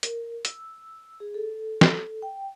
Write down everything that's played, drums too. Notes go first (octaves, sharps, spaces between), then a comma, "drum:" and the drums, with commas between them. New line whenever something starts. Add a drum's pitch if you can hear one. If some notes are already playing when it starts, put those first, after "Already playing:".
A#4, drum: hi-hat
E6, drum: hi-hat
G#4
A4
drum: snare
G5